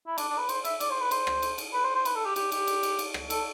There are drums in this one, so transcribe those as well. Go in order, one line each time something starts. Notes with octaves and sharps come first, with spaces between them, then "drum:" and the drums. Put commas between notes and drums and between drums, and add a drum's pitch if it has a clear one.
E4
D4, drum: cymbal
D4
B4
C5, drum: cymbal
E5, drum: cymbal
D5, drum: cymbal
C5
B4
C5, drum: cymbal
drum: rim click
drum: cymbal
drum: cymbal
B4
C5
C5
B4, drum: cymbal
A4
G4
G4, drum: cymbal
G4, drum: cymbal
drum: cymbal
drum: cymbal
drum: cymbal
drum: rim click
A4, drum: cymbal